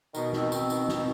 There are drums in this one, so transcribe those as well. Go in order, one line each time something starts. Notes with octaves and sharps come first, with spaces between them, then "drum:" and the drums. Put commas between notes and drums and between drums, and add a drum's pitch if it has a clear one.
B2 D#3, drum: tambourine
C4, drum: snare
C4, drum: tambourine
D#3, drum: tambourine
C4, drum: snare